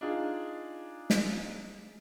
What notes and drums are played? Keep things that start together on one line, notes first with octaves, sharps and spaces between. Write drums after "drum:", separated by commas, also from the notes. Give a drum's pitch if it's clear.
D4 D#4 F4 G#4
drum: snare